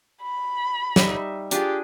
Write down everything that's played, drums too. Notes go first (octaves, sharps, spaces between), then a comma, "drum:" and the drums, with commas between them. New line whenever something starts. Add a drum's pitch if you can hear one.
B5
G3 D#4 E5, drum: snare
D4 F4 G4 G#4, drum: hi-hat